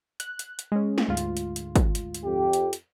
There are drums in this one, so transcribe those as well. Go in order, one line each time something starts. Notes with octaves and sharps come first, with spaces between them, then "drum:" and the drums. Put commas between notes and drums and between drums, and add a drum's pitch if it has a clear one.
F#6, drum: hi-hat
drum: hi-hat
drum: hi-hat
G#3 C#4
drum: snare
D2 G#2 F4
drum: hi-hat
drum: hi-hat
drum: hi-hat
drum: kick, hi-hat
drum: hi-hat
drum: hi-hat
F2 G4
drum: hi-hat
drum: hi-hat